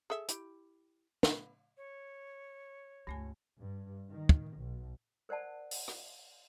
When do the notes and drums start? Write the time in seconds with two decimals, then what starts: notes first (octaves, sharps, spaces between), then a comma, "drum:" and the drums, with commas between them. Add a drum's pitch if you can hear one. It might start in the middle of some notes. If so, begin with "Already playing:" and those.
0.10 G#4 A4 E5
0.28 E4 G4, drum: hi-hat
1.23 B3, drum: snare
1.77 C#5
3.07 C#2 G2 A3 G#5
3.60 G2
4.08 D#3
4.29 drum: kick
4.57 B1
5.29 A#4 C5 D5 F#5 A5
5.71 drum: open hi-hat
5.88 drum: rim click